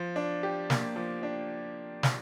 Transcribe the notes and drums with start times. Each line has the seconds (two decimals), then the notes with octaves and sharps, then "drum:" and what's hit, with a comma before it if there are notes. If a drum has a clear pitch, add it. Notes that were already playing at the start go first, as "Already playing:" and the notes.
Already playing: F3
0.16 D4
0.43 G4
0.70 A#3, drum: snare
0.96 F3
1.23 D4
2.03 drum: snare